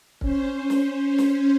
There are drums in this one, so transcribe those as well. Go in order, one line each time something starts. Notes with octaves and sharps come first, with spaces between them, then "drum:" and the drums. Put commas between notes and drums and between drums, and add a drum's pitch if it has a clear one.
C#4 C5, drum: kick
drum: snare
drum: snare